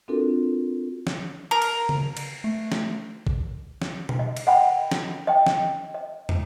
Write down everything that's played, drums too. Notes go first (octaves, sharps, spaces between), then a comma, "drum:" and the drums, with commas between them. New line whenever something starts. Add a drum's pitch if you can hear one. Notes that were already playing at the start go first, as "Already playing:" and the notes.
C4 D4 F4 F#4 A4 A#4
drum: snare
A#4
drum: cymbal
drum: tom C#3
drum: cymbal
A3
drum: snare
drum: kick
drum: snare
drum: tom B2
D#5
drum: cymbal
D#5 F#5 G5 B5
drum: snare
D#5 G5
drum: snare
D#5
drum: tom